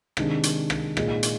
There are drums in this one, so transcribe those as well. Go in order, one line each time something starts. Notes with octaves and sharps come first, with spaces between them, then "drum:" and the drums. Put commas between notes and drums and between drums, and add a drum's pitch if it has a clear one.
C3 D#3 G#3 D4, drum: rim click
drum: hi-hat
drum: rim click
A#2 G#3 D#4 G#4, drum: rim click
drum: hi-hat